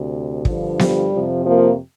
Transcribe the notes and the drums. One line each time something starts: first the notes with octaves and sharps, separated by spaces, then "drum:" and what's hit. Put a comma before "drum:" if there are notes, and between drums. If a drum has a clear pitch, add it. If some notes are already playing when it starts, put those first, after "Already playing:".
Already playing: D2 C3
G2 D3 F3, drum: kick
G3, drum: snare B3
F2 C3 F3
F3 A#3